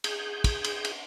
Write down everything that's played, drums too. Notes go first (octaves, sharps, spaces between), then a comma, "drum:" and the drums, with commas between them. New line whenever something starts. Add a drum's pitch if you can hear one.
G#4 G6, drum: cymbal
drum: kick, cymbal
drum: cymbal
drum: cymbal